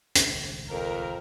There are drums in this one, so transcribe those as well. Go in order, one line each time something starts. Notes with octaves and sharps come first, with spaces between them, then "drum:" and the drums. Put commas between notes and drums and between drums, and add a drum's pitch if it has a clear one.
D#1 G#1 C#2, drum: hi-hat
F2 A#4